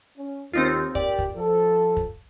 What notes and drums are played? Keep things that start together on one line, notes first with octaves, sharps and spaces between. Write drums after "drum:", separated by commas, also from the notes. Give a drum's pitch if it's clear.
C#4
D#2 C4 D#4 F4
A#2 G4 D5, drum: kick
drum: kick
F3 A4
drum: kick